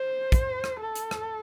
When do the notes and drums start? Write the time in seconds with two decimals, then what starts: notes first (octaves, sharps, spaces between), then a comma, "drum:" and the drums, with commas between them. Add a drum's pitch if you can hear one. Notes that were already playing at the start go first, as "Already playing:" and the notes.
Already playing: C5
0.32 drum: kick, hi-hat
0.64 drum: rim click
0.80 A4
0.95 drum: hi-hat
1.11 drum: rim click